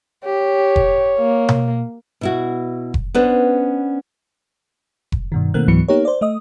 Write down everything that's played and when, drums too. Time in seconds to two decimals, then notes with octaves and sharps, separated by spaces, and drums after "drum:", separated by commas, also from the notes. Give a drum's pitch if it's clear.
0.24 G4 C#5
0.76 drum: kick F1
1.18 A#3
1.49 drum: tom B2
2.21 B2 E4 F#4
2.94 drum: kick F1
3.15 B3 C#4 D4 B4 C5
5.12 drum: kick F1
5.32 G2 B2 D#3
5.54 B2 D#3 A3 A#3 C4 F#6
5.68 C#2 G#2 E3 F#3 B3 C#7
5.88 A#3 B3 D#4 G4 A#4 C#5
6.05 C5 D5
6.21 A3 D#5 D#6